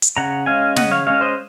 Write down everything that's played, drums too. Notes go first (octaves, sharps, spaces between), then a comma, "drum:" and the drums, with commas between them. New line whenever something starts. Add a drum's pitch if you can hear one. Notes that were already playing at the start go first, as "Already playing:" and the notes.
drum: hi-hat
C#3 F#5 A#5
G#3 C#4 F5 G#5
C#3 D#5 F#5, drum: snare
C#5 F5
G#3 C#4 C#5 F5
C5 D#5